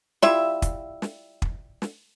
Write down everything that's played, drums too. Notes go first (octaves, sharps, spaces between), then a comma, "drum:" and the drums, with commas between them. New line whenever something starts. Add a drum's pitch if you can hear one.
G3 E4 F4 E5, drum: snare
drum: kick, hi-hat
drum: snare
drum: kick
drum: snare